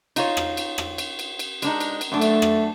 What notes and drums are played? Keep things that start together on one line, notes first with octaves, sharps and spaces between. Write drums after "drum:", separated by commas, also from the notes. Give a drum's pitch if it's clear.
D#4 F4 C#5, drum: cymbal
drum: rim click
drum: cymbal
drum: rim click
drum: cymbal
drum: cymbal
drum: cymbal
G#3 D4 D#4, drum: cymbal
drum: cymbal
drum: cymbal
F#2 A3 D4
drum: cymbal
drum: rim click